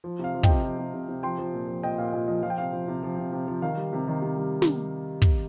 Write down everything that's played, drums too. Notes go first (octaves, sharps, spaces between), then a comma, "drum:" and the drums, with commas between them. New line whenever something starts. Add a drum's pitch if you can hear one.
F3
C3 F5
F3
D#5 G5, drum: kick
C3
F3
C3
C3
C3
F3 G5 C6
F3
A#2
F3
A#2 D#5 G5
A#2 F5
A#2 D#5
F3 D#5
F3 F5
G5
C3 F5
F3
C3
F3
C3
C3
F3
D#3 F5
G3
C3
D#3
C3
G3
drum: snare
drum: kick